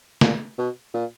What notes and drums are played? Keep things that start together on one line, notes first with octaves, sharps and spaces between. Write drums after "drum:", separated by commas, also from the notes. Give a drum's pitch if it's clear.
A#2, drum: snare
B2
A#2